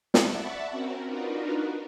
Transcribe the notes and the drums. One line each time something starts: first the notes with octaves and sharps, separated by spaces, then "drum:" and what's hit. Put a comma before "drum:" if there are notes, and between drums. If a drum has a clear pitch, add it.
D5 E5 F#5 A5 B5 C#6, drum: snare
C4 C#4 F#4 A#4
D4 D#4 F4 F#4 A#4 B4